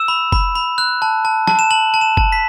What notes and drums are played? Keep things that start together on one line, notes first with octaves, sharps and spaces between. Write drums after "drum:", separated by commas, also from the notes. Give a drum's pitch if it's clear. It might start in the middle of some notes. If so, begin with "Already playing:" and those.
Already playing: E6 E7
B5
B5, drum: kick F#1
B5
F#6
A5
A5
A5, drum: snare
E7
A5 F#7
A5
E7
A5, drum: kick F#1
B6